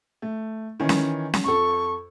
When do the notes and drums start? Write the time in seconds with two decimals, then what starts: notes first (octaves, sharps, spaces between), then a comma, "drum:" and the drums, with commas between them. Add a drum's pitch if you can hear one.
0.22 A3
0.80 D#3 E3 C#4
0.89 drum: snare C#4
1.34 drum: snare C#4
1.45 F2 A4 C#6